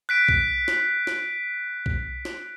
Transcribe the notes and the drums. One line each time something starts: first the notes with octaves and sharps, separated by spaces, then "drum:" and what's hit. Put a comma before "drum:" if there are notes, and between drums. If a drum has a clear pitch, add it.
F#6 B6 D7
drum: kick B1
drum: snare
drum: snare
drum: kick B1
drum: snare